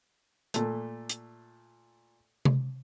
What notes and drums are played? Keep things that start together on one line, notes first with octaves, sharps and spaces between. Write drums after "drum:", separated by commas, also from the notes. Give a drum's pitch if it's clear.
A#2 A3, drum: hi-hat
drum: hi-hat
drum: tom C3